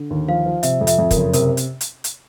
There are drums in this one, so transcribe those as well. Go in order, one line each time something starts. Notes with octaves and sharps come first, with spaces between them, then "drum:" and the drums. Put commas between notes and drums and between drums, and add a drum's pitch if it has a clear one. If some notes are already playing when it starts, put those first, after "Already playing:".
Already playing: D3
D#2
F3 F5
F3
C3 E5, drum: hi-hat
F2
E5, drum: hi-hat
F2
A#4, drum: kick, hi-hat
F#1
C3 A#4, drum: hi-hat
drum: hi-hat
drum: hi-hat
drum: hi-hat